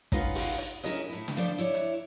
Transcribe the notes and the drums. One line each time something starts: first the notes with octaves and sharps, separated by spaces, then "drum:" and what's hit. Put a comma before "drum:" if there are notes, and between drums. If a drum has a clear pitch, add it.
C#4 D#4 F4 B4 F5 F#5, drum: kick, hi-hat
drum: open hi-hat
drum: hi-hat
C#4 E4 F4 G#4 A#4 D#5, drum: hi-hat
A2 E4
drum: snare
F3 A3 D4 A4 C5 D5
E4 C#5 D5
drum: hi-hat